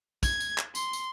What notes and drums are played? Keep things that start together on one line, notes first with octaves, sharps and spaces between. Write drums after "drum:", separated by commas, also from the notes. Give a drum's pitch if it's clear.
G#6, drum: kick, tambourine
drum: tambourine
drum: clap
C6, drum: tambourine
drum: tambourine